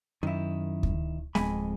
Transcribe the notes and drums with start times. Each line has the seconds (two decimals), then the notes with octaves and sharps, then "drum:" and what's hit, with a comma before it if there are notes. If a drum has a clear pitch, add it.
0.23 F#2 D#3 E4
0.83 drum: kick D2
1.35 D1 F2 G#3 G#5 B5, drum: snare